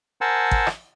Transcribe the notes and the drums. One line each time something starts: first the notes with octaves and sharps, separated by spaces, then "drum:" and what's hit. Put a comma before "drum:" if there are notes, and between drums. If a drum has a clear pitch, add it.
A#4 C5 F#5 G#5 A5 E6
drum: kick G#1
drum: rim click